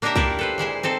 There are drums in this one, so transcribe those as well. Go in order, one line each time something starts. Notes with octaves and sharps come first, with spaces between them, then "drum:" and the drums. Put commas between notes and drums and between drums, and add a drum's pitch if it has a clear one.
A#3 D4 D#4 G4 A#4 E5
E4 F4 G4 A#4, drum: kick C2
A4 B4 C5
A#2 G#3 E4 C5
C4 D#4 A4 C5